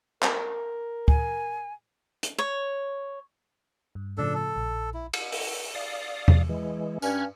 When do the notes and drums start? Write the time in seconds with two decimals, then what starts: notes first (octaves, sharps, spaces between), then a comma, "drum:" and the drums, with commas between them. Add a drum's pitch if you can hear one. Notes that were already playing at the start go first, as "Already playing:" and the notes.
0.23 A#4, drum: clap
1.08 G#5, drum: kick
2.23 drum: hi-hat
2.39 C#5
3.95 G2
4.18 A2 C#3 F3 D4 A4
4.35 A4
4.56 A#1
4.94 E4
5.13 drum: cymbal
5.32 drum: open hi-hat
5.75 D5 F5 D#6
6.28 drum: tom E2
6.49 E3 G#3
7.02 G2 C#4 F6 F#6 G#6, drum: tambourine